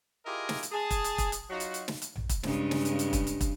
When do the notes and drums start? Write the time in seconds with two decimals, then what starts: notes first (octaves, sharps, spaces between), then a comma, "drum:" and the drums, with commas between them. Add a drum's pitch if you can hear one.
0.26 E4 F4 G4 G#4 A#4 D#5
0.49 drum: snare
0.63 drum: hi-hat
0.72 G#4 A5
0.90 drum: kick, hi-hat
1.04 drum: hi-hat
1.18 drum: kick, hi-hat
1.32 drum: hi-hat
1.50 F#3 D#4 F4 F#4
1.60 drum: hi-hat
1.74 drum: hi-hat
1.88 drum: snare
2.02 drum: hi-hat
2.16 drum: tom A#1
2.29 drum: kick, hi-hat
2.43 G2 C#3 G#3, drum: snare
2.71 drum: snare
2.85 drum: hi-hat
2.99 drum: hi-hat
3.13 drum: kick, hi-hat
3.27 drum: hi-hat
3.41 drum: kick, hi-hat